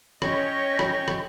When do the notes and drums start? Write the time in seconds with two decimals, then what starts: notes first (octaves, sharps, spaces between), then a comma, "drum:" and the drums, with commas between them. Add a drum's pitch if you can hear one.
0.22 C#4 C#5 D#5 G5 C#6 A#6, drum: rim click
0.79 drum: rim click
1.08 drum: rim click